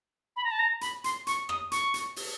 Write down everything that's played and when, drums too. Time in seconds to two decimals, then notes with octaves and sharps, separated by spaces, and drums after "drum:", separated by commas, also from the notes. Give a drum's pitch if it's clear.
0.36 B5
0.44 A#5
0.51 A5
0.59 A#5
0.81 B5, drum: hi-hat
1.04 C6, drum: hi-hat
1.27 C#6, drum: hi-hat
1.49 D#6, drum: rim click
1.72 C#6, drum: hi-hat
1.94 drum: hi-hat
2.16 drum: open hi-hat